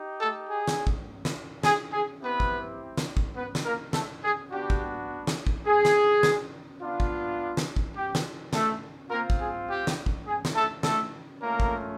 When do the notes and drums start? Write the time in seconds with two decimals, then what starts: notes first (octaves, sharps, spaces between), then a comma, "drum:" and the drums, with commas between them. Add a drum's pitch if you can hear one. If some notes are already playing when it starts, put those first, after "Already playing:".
Already playing: D#4 G4
0.20 A3 A4
0.49 G#4
0.68 drum: snare
0.87 drum: kick
1.25 drum: snare
1.63 G#4, drum: snare
1.93 G#4
2.20 B3 C4 E4 G4 B4
2.40 drum: kick
2.97 drum: snare
3.17 drum: kick
3.35 B3 B4
3.55 drum: snare
3.65 A#3 A#4
3.93 A3 A4, drum: snare
4.22 G#4
4.51 B3 D4 F#4 G4
4.70 drum: kick
5.27 drum: snare
5.47 drum: kick
5.66 G#4
5.85 drum: snare
6.23 drum: snare
6.80 B3 D4 F4
7.00 drum: kick
7.57 drum: snare
7.76 drum: kick
7.96 G4
8.15 drum: snare
8.53 A3 A4, drum: snare
9.10 A#3 C4 F4 A#4
9.30 drum: kick
9.39 G#4
9.68 G4
9.87 drum: snare
10.06 drum: kick
10.26 G#4
10.45 drum: snare
10.55 A3 A4
10.83 A3 A4, drum: snare
11.40 A3 A#3 C#4 F4 A#4
11.60 drum: kick